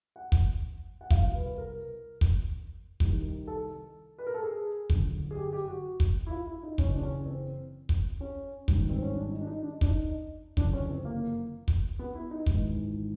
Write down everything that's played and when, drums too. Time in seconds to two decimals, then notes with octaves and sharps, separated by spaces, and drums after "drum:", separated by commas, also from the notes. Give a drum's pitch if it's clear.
0.16 F#5
0.32 drum: kick
1.01 F#5
1.10 C2 B2 F5, drum: kick
1.23 F5
1.34 B4
1.46 B4
1.58 A#4
2.21 drum: kick
3.00 C2 C3 D#3, drum: kick
3.47 A4
4.18 B4
4.27 A#4
4.34 A4
4.43 G#4
4.90 G1 F#2 D3, drum: kick
5.31 G#4
5.37 G4
5.53 G4
5.63 G4
5.68 F#4
6.00 drum: kick
6.26 E4
6.31 F4
6.47 E4
6.63 D#4
6.78 F#1 F#2 C#3 E3 C#4, drum: kick
6.94 D4
7.03 C#4
7.26 C4
7.89 drum: kick
8.20 C#4
8.68 G#1 G2 D#3, drum: kick
8.90 C4
9.02 C#4
9.15 D4
9.31 D#4
9.41 D4
9.47 D#4
9.63 D4
9.81 D4, drum: kick
9.87 D#4
10.57 G1 F#2 C#3 E3 D4, drum: kick
10.73 C#4
10.89 C4
11.05 A#3
11.68 drum: kick
11.99 B3
12.15 E4
12.31 D#4
12.46 G#1 G#2 E3, drum: kick